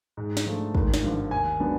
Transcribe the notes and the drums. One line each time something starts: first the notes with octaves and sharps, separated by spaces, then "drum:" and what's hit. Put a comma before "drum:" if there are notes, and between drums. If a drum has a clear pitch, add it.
G#2
drum: snare
F3 A3 D4
G#1, drum: kick
drum: snare
G2 D3 F3
D#2 G#5
D3 F#3 B3 D4